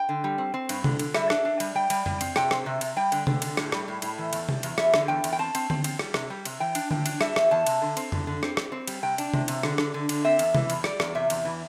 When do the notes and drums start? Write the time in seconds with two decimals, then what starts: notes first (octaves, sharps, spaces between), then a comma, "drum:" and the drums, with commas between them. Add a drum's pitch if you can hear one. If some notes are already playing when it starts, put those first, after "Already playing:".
Already playing: G5
0.09 D3
0.24 G3
0.38 C4
0.54 C4
0.69 G2, drum: cymbal
0.84 D3, drum: tom C3
0.99 D3, drum: cymbal
1.15 G3 E5, drum: rim click
1.30 D4, drum: rim click
1.45 D4
1.60 G3, drum: cymbal
1.75 G3 G5
1.90 G3, drum: cymbal
2.06 G3, drum: tom F2
2.21 C4, drum: cymbal
2.36 C3 G5, drum: rim click
2.51 C4, drum: rim click
2.66 C3
2.81 C3, drum: cymbal
2.96 G3 G5
3.12 D3, drum: cymbal
3.27 D3, drum: tom C3
3.42 D3, drum: cymbal
3.57 A2, drum: rim click
3.72 G3, drum: rim click
3.88 A2
4.02 A2, drum: cymbal
4.18 E3
4.33 E2, drum: cymbal
4.49 G3, drum: tom C3
4.63 E2, drum: cymbal
4.78 E2 E5, drum: rim click
4.94 D3, drum: rim click
5.08 E2 G5
5.24 E2, drum: cymbal
5.33 G5
5.39 C4 A5
5.55 C4, drum: cymbal
5.70 C4, drum: tom D3
5.84 C4, drum: cymbal
5.99 G3, drum: rim click
6.14 C3, drum: rim click
6.30 G3
6.45 C3, drum: cymbal
6.60 E3 G5
6.75 D4, drum: cymbal
6.91 A2 G5, drum: tom D3
7.06 D4, drum: cymbal
7.21 G3 E5, drum: rim click
7.36 E2, drum: rim click
7.51 E2 A5
7.67 C3, drum: cymbal
7.82 D3
7.97 C4, drum: cymbal
8.12 D3, drum: tom F2
8.27 D3
8.43 C4, drum: rim click
8.57 C4, drum: rim click
8.72 C4
8.87 G3, drum: cymbal
9.03 C3 G5
9.18 D4, drum: cymbal
9.34 C3, drum: tom C3
9.48 C3, drum: cymbal
9.63 D3, drum: rim click
9.78 D3, drum: rim click
9.94 D3
10.09 D3, drum: cymbal
10.24 C4 E5
10.39 E2, drum: cymbal
10.55 E3, drum: tom C3
10.70 E2, drum: cymbal
10.84 G3 D5, drum: rim click
11.00 E2, drum: rim click
11.15 C3 E5
11.30 E2, drum: cymbal
11.45 E3